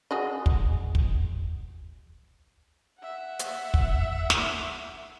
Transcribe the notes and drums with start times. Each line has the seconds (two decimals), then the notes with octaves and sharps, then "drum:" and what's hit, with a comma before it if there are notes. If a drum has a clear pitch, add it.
0.11 F#4 G#4 D#5
0.46 drum: kick
0.95 drum: kick
2.99 E5 F#5
3.39 drum: hi-hat
3.74 drum: kick
4.30 drum: snare